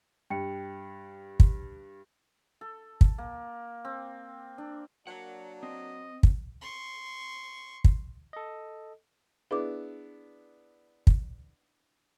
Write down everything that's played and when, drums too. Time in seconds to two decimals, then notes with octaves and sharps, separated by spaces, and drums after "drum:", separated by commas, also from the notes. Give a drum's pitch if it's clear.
0.30 G2 G5 C#7
1.40 drum: kick
2.61 A4
3.01 drum: kick
3.18 A#3
3.85 C4
4.58 D4
5.07 F#3 A#3 D4 C#5 F#5
5.63 C4 D#5
6.23 drum: kick
6.61 C6 C#6
7.84 drum: kick
8.33 A4 D#5
9.51 B3 D4 E4 G#4 D6
11.07 drum: kick